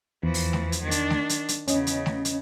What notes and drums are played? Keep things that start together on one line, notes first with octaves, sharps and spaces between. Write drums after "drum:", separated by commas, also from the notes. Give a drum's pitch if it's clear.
E2 E3 F3
drum: open hi-hat
drum: snare A3
drum: hi-hat
D#3 D4
drum: hi-hat
drum: snare A3
drum: hi-hat
drum: hi-hat
E2 C#3 C#4 D#5, drum: hi-hat
drum: hi-hat
drum: snare A3
drum: hi-hat